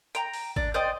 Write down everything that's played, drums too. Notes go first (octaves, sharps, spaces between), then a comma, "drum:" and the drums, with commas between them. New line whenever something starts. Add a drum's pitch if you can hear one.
G5 A#5, drum: hi-hat
drum: open hi-hat
D4, drum: kick
C5 D5 D#5 G5